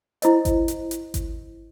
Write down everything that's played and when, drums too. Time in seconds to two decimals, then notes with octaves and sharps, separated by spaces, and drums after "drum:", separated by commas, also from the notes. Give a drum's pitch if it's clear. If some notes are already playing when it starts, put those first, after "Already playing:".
0.22 E4 C5 D#5, drum: hi-hat
0.45 drum: kick G#1, hi-hat
0.68 drum: hi-hat
0.91 drum: hi-hat
1.14 drum: kick G#1, hi-hat